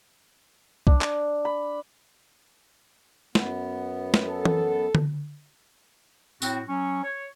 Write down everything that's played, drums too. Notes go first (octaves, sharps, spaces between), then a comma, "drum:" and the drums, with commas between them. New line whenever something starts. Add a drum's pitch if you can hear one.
D4, drum: kick B1
drum: clap
B5
F#2 B3, drum: snare
drum: snare
A4
drum: tom E3
drum: tom D3
A2 C4 F#4, drum: tambourine
F#3 C#4 C#6
C#5